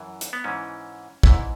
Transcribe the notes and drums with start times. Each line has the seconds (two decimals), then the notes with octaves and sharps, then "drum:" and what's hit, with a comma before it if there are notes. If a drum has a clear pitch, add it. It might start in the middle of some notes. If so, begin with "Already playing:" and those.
Already playing: F#2 E3
0.21 drum: hi-hat
0.33 B3
0.44 G#2 E3 C#4
1.23 G#2 E3 E4, drum: kick